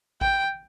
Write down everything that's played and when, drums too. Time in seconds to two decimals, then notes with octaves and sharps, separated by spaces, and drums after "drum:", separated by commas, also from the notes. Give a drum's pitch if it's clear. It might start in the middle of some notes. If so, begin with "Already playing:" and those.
0.21 G5, drum: kick A1